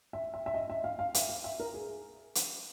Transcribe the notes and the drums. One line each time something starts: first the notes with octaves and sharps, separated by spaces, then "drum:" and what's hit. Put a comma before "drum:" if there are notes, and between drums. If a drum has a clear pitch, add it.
E5
E5
E5
D#5
E5
F5
F5
E5, drum: hi-hat
F5
E5
A#4
G#4
drum: hi-hat